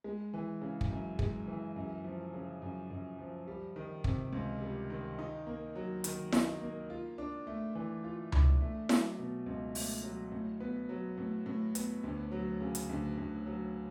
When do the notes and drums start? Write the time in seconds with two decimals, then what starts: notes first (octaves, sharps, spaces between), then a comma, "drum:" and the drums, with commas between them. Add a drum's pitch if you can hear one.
0.04 G#3
0.34 E3
0.62 C#3
0.81 drum: kick
0.90 F#2
1.19 G#3, drum: kick
1.48 E3
1.76 F#2
2.04 F3
2.34 C#3
2.62 F#2
2.90 F#2
3.19 F3
3.47 G3
3.76 D#3
4.04 C3, drum: kick
4.33 C#2
4.61 G3
4.90 D#3
5.19 D#4
5.47 A#3
5.75 F#3
6.04 D#3, drum: hi-hat
6.33 D#4, drum: snare E4
6.61 A#3
6.90 F4
7.18 D4
7.47 A3
7.75 E3
8.04 F4
8.32 D4, drum: tom C#2
8.61 A3
8.89 F#3, drum: snare E4
9.18 B2
9.46 C#2
9.75 A3, drum: open hi-hat
10.03 F#3
10.32 A2
10.60 B3
10.89 F#3
11.18 A2
11.46 A2
11.75 B3, drum: hi-hat
12.03 D2
12.32 F#3
12.61 C#3
12.75 drum: hi-hat
12.89 D2
13.17 D2
13.46 F#3